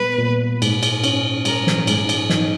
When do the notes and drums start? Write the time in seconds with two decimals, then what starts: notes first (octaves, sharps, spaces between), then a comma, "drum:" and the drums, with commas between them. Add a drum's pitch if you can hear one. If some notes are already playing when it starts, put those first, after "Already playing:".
Already playing: A#2 G3 B3 B4
0.19 A#2
0.62 G#2, drum: cymbal
0.83 drum: cymbal
1.04 C#4, drum: cymbal
1.45 G3 A#4, drum: cymbal
1.67 drum: snare
1.87 G#2, drum: cymbal
2.09 drum: cymbal
2.30 D#4, drum: snare